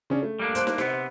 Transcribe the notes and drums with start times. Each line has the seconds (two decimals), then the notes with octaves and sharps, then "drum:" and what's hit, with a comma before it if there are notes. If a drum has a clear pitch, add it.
0.10 C#3 C#4 D4
0.23 A3
0.39 G3 A#3 D4
0.55 C5 F#6, drum: hi-hat
0.67 drum: snare
0.78 C3 B3 C5, drum: snare